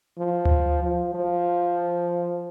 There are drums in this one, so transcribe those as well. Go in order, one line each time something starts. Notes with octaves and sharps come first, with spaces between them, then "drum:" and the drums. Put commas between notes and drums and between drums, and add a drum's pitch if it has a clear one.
F3
drum: tom D2
F3
F3